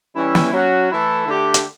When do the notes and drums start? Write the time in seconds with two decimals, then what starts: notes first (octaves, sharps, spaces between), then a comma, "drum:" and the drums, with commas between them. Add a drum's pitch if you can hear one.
0.16 E3 G3 C#4 E4
0.35 drum: snare
0.53 F#3 C#4 F#4
0.90 E3 A3 E4 A4
1.27 D3 A3 D4 G4
1.54 drum: hi-hat